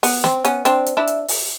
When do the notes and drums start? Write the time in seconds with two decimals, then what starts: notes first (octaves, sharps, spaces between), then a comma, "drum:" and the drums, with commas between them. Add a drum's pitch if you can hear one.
0.03 B3, drum: open hi-hat
0.24 C4, drum: snare
0.44 B3 C#4, drum: hi-hat
0.65 C4 D4, drum: hi-hat
0.86 drum: hi-hat
0.97 D4 E4
1.07 drum: hi-hat
1.28 drum: open hi-hat